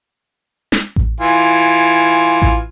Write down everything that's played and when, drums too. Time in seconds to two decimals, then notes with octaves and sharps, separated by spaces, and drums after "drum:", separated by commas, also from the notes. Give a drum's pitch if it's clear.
0.72 drum: snare
0.96 drum: kick A1
1.21 E3 F4 G#5
2.42 drum: kick A1